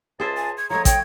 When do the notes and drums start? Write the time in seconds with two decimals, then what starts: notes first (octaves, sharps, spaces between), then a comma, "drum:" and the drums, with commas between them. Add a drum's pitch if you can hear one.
0.20 C#2 G#4 C5 E5 A5
0.37 G#5
0.58 G#6
0.70 D2 F3 A3 C#5 D#5 A#5 G#6
0.85 G5 G#6, drum: kick, hi-hat